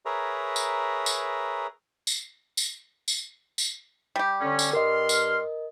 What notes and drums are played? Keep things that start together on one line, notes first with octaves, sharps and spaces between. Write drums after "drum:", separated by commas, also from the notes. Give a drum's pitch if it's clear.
G#4 A#4 B4 C#5 E5 A#5
drum: tambourine
drum: tambourine
drum: tambourine
drum: tambourine
drum: tambourine
drum: tambourine
G3 G4
D3 C#4
drum: tambourine
G2 A#4 D#5 C6 F6
drum: tambourine